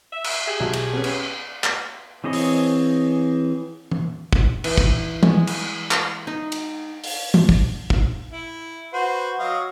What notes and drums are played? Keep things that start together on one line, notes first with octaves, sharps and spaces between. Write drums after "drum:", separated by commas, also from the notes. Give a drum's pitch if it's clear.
E5
drum: cymbal
G4 G#4
B1 F#3 E5
drum: cymbal
B3 C#4
drum: cymbal
drum: clap
E3 C4 G#4 C#5 D#5
drum: open hi-hat
drum: tom E3
drum: kick
E3, drum: cymbal
drum: kick
G#3, drum: tom E3
drum: cymbal
drum: clap
D#4
drum: cymbal
drum: open hi-hat
drum: tom E3
drum: kick
drum: kick
E4
F#4 B4 C5
F#3 D#5 F5